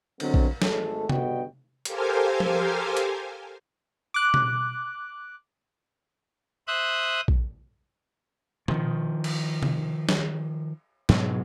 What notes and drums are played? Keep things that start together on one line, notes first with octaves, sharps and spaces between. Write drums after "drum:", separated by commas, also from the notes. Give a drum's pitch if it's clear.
D3 F#3 G#3 B3 C4, drum: cymbal
drum: kick A#1
G#1 G#3 A3 A4, drum: snare
G1 D3 B3 F#4 D#5 G5, drum: tom C3
G4 A4 A#4 C5 F5 G#5, drum: hi-hat
drum: tom F3
drum: hi-hat
D6 F#6
drum: tom B2
C5 E5 D#6 F#6
drum: kick A#1
D#3 F3, drum: tom B2
drum: cymbal
drum: tom C3
drum: snare
G#2 B2 F#3 G#3, drum: snare